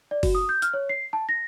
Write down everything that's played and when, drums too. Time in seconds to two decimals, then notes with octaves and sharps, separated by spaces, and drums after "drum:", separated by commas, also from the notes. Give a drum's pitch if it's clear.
0.11 D5
0.23 F#4, drum: kick F#1, open hi-hat
0.35 D#6
0.49 G6
0.62 F6, drum: hi-hat
0.74 C#5
0.89 C7
1.13 A5
1.29 A#6